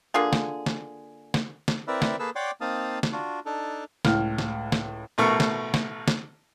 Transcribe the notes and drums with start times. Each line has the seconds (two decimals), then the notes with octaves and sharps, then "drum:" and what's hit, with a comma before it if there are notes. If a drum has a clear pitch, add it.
0.14 D3 A#3 F4 G#4
0.33 drum: snare
0.66 drum: snare
1.34 drum: snare
1.68 drum: snare
1.87 C4 E4 A#4 B4 D5 E5
2.02 drum: snare
2.19 A#3 G#4 A4 B4 E6
2.36 C#5 D5 F#5 G5 C6 D6
2.61 A#3 C4 D#4 F5 A5 D#6
3.03 drum: snare
3.12 D4 F4 F#4
3.46 D4 D#4 A4
4.05 C#2 A2 F6, drum: snare
4.38 drum: snare
4.72 drum: snare
5.18 A1 B2 A3 A#4 C#6
5.40 drum: snare
5.74 drum: snare
6.08 drum: snare